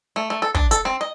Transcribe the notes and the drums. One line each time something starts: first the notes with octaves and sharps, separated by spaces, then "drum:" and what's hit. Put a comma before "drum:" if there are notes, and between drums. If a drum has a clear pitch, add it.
A3
A3
A4
D4, drum: kick
A4, drum: hi-hat
C4
D#5